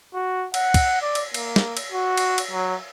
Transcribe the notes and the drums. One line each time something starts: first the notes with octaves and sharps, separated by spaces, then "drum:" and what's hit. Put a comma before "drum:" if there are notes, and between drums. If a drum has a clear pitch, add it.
F#4
F#5, drum: cymbal
drum: kick, cymbal
D5
drum: cymbal
A#3, drum: cymbal
drum: snare
drum: cymbal
F#4
drum: cymbal
drum: cymbal
F#3